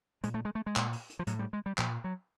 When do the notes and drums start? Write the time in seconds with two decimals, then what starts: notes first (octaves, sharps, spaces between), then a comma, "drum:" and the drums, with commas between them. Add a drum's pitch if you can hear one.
0.23 A#2 G#3, drum: hi-hat
0.34 A3
0.45 G#3
0.55 A3
0.66 G#3
0.76 A#2, drum: clap
0.93 drum: open hi-hat
1.10 drum: hi-hat
1.19 F3
1.27 A2 F#3, drum: hi-hat
1.39 G3
1.53 G#3
1.66 G3
1.78 A#2 F3, drum: clap
2.04 F#3